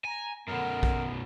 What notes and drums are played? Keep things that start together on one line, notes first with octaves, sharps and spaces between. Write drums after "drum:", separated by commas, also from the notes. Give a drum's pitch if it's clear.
G#5 A#5
F#2 B2 D3 B3 A#4
drum: kick A#1